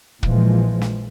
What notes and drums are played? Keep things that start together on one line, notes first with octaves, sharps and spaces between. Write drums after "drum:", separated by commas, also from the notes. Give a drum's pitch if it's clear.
A#1 A#2 E3 F3 G#3, drum: kick
drum: snare